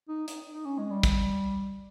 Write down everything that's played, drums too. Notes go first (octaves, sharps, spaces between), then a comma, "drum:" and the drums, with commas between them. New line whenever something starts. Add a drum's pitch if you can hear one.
D#4
D#4, drum: hi-hat
D#4
C#4
G#3
G3
drum: kick, hi-hat